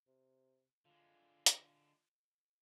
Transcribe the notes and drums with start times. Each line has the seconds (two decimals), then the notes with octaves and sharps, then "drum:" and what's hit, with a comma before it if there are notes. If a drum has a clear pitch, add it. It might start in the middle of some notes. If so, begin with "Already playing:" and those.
0.07 C3
0.85 D3 G#3 F4
1.46 drum: hi-hat